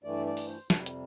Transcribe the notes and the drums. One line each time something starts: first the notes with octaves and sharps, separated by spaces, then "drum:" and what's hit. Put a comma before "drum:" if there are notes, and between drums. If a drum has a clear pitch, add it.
G2 E3 A3 D5
D5
drum: open hi-hat
C5
F2 C3 G3, drum: snare
drum: hi-hat